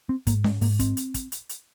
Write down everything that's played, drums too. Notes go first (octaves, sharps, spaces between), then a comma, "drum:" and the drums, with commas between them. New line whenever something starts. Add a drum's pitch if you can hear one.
C4
G#2 A#3, drum: kick, hi-hat
G#3, drum: snare C#4
G#2 A#3, drum: open hi-hat
C4, drum: kick, hi-hat
drum: hi-hat
drum: kick, hi-hat
drum: hi-hat
drum: hi-hat